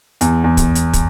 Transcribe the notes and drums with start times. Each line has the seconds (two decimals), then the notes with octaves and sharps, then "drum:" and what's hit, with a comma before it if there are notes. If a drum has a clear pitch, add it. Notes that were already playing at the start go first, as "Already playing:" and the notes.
0.21 E2, drum: hi-hat
0.44 E2
0.57 drum: kick, hi-hat
0.75 drum: hi-hat
0.93 drum: kick, hi-hat